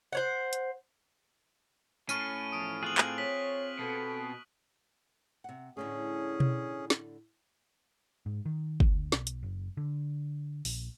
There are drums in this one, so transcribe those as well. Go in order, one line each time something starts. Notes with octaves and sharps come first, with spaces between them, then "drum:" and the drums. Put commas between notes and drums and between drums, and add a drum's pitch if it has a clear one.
C5 C#5 F#5
drum: hi-hat
A2 C#4 C#6 F6 D#7, drum: tambourine
E2 F3 D#6 D7
C4 F4 G#4 F#6 F#7
drum: clap
C#5 B6 F#7
B2 B3 A4
C3 F#5
A2 D3 A3 C#4 G#4
drum: tom B2
drum: snare
G#2
D#3
D2, drum: kick
B1, drum: snare
drum: hi-hat
F#1
D3
A#1, drum: open hi-hat